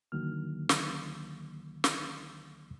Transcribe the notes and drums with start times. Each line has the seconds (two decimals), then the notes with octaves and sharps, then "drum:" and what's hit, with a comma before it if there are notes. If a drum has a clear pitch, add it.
0.12 C#2 D3 D#3 F#3 A#3 F6
0.69 drum: snare
1.84 drum: snare